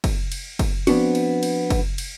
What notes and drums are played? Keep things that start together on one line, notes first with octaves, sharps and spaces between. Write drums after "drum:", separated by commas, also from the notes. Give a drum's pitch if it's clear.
drum: kick F#1, cymbal
drum: cymbal
drum: kick F#1, cymbal
F3 G3 B3 C4 D4 F#4, drum: cymbal
drum: cymbal
drum: cymbal
drum: kick F#1, cymbal
drum: cymbal